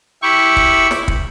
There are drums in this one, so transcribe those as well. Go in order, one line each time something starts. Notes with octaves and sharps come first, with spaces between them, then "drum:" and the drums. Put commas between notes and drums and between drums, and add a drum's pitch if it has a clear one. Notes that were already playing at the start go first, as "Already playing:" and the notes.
E4 G4 C#6
drum: kick
drum: snare
drum: kick